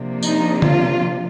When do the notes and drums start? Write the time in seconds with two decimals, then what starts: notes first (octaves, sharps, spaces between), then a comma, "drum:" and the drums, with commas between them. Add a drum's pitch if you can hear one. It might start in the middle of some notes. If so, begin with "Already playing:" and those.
Already playing: C3 F3 A#3 D4
0.23 D#4, drum: tambourine
0.62 F4, drum: tom D3